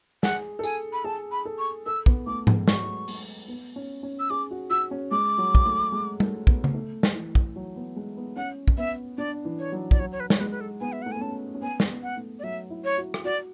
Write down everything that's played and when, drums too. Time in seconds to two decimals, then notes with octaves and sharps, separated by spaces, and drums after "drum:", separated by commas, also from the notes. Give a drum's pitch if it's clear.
0.23 G#4 F#5, drum: snare
0.59 A4
0.63 G#4 G#5, drum: tambourine
0.93 B5
1.04 G#4 A5
1.32 B5
1.45 A4
1.59 C#6
1.86 A4 E6
2.06 B3, drum: kick
2.27 A3 D6
2.47 G#3, drum: tom G#2
2.68 F#3 C#6, drum: snare
3.08 G#3, drum: open hi-hat
3.48 B3
3.76 C#4
4.03 C#4
4.19 E6
4.30 G#4 D6
4.51 F#4
4.70 F#4 E6
4.91 C#4
5.11 G#3 D6
5.38 F#3
5.55 drum: kick
5.65 A3
5.92 G#3
6.20 A3, drum: tom G3
6.47 B3, drum: kick
6.64 drum: tom C#3
6.74 A3
7.03 drum: snare
7.15 E3
7.35 drum: kick
7.56 F#3
7.76 B3
7.96 G#3
8.17 B3
8.36 C#4 F#5
8.68 drum: kick
8.77 B3 E5
9.18 D4 D5
9.45 E3
9.59 C#5
9.72 F#3
9.91 D5, drum: kick
9.99 F#3 C#5
10.12 C#5
10.20 B4
10.30 C#5, drum: snare
10.40 G#3 B4
10.51 B4
10.61 A4
10.81 B3 G#5
10.92 E5
11.02 A3 F#5
11.12 B3 G#5
11.21 C#4 A5
11.54 C#4
11.62 B3 G#5
11.80 drum: snare
11.90 B3
12.03 F#5
12.17 A3
12.39 D5
12.43 F#3 E5
12.70 E4
12.84 C#5
12.98 F#4
13.14 drum: rim click
13.25 F#4 D5